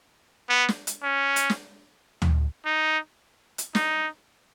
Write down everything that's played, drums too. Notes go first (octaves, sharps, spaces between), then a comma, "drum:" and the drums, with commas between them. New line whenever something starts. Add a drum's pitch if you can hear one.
B3
drum: snare
drum: hi-hat
C#4
drum: hi-hat
drum: snare
drum: tom
D#4
drum: hi-hat
D#4, drum: snare